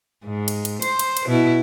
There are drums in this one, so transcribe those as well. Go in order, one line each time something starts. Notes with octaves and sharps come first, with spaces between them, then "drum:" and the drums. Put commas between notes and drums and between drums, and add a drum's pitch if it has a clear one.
G#2
drum: cymbal
drum: cymbal
C5, drum: cymbal
drum: cymbal
drum: cymbal
B2 E4